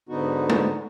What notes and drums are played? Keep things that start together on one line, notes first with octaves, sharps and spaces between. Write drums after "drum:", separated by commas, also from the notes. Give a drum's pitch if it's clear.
G#2 D3 B3 D#4 F#4
drum: tom G#3